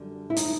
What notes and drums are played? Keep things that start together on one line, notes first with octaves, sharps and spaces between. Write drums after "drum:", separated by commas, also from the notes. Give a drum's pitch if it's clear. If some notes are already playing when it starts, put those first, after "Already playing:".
Already playing: F#2 D3 G3
E4
D#4, drum: hi-hat